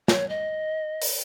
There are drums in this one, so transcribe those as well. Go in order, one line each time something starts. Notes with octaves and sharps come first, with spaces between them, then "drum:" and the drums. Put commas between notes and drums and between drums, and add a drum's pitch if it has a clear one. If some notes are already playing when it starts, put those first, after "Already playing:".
C#5, drum: snare
D#5
drum: open hi-hat